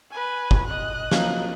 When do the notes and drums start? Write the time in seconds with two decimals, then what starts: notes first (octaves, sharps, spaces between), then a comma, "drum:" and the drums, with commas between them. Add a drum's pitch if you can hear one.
0.11 B4 G#5
0.51 drum: kick
0.66 D#5 F#6
1.11 F3 F#3 A#3, drum: snare